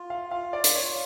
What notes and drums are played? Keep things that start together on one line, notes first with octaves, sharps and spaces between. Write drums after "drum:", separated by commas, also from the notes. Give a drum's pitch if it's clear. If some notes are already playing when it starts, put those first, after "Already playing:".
Already playing: F4
F5
F4 F5
D5
drum: hi-hat
F4 C#5